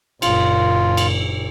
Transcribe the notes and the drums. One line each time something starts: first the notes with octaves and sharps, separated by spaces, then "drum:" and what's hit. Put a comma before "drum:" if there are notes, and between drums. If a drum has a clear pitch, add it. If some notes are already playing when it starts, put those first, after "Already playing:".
F#1 A#2 F4, drum: cymbal
drum: cymbal